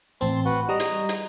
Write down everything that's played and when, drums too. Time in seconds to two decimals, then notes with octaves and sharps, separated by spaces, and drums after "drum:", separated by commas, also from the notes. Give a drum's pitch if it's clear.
0.21 A1 C4 A5 C6
0.45 F#4 B4 F#5
0.69 G3 D#5 A#5
0.80 drum: hi-hat
1.09 drum: hi-hat